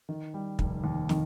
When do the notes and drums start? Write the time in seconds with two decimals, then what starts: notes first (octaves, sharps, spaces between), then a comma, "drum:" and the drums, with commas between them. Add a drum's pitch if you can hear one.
0.09 D#3
0.34 G3
0.59 F1, drum: kick
0.84 D#2
1.09 D#3, drum: snare